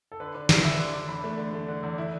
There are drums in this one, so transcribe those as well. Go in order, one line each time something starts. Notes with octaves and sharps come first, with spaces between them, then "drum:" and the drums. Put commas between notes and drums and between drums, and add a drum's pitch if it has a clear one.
A4
D3 B4
D4 B4
D4 B4, drum: snare
D4 E5
D3
D4
E2 B5
A3
D3
A3
D3
E2
E4